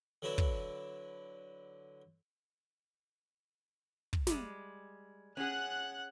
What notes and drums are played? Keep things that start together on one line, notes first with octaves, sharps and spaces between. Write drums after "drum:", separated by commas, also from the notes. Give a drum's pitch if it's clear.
D3 F#3 D4 E4 B4
drum: kick
drum: kick
G3 G#3, drum: snare
C#4 G#4 F#5 F#6